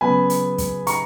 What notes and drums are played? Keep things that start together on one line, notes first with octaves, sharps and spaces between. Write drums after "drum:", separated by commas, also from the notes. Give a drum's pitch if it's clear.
C#3 F#3 B3 G#5 B5
drum: hi-hat
drum: kick, hi-hat
A#5 C#6, drum: hi-hat